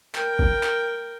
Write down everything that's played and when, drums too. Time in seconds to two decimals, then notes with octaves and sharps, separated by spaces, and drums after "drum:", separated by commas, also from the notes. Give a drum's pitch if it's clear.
0.15 A#4 G5, drum: clap
0.39 drum: kick
0.63 drum: clap